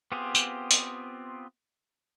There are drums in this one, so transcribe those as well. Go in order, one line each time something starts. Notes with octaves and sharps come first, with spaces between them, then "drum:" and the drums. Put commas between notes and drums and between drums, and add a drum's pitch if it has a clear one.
B3 C4 F4 G4 G#4
drum: tambourine
drum: hi-hat